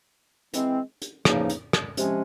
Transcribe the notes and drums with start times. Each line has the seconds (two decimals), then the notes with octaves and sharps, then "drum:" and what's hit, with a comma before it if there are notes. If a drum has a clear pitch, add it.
0.54 E3 G#3 C4, drum: hi-hat
1.02 drum: hi-hat
1.25 E2 C#3 F3 A#3 D#4, drum: rim click
1.49 drum: hi-hat
1.73 drum: rim click
1.97 C3 F3 G#3 C#4, drum: hi-hat